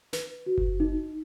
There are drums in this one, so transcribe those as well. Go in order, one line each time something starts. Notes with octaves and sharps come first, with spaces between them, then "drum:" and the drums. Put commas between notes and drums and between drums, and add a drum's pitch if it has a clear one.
B4, drum: snare
F#4
drum: kick F#1
D#4